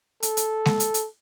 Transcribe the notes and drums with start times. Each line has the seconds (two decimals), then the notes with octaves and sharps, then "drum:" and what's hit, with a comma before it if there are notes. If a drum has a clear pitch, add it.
0.23 A4, drum: hi-hat
0.37 drum: hi-hat
0.65 drum: snare G#3
0.80 drum: hi-hat
0.94 drum: hi-hat